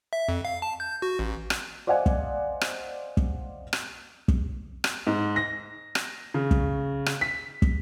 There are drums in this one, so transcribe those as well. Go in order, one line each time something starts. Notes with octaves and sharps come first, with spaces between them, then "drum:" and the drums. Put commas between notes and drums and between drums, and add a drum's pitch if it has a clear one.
E5
F2
F5
A5
G6
F#4
A1
drum: rim click
C5 D5 D#5 F5 F#5 G#5
drum: kick
drum: rim click
drum: kick
drum: rim click
drum: kick
drum: rim click
G#2
A#6
drum: rim click
C#3
drum: kick
drum: rim click
B6
drum: kick